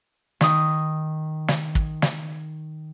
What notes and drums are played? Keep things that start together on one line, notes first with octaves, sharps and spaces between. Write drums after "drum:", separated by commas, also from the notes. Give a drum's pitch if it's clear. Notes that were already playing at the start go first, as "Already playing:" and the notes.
D#3 D#6, drum: snare
drum: snare
drum: kick
drum: snare